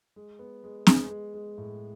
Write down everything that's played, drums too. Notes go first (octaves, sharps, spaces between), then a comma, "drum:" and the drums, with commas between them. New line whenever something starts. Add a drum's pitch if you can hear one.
G#3
B3
G#3
G#3, drum: snare C4
G#3
G#3
A2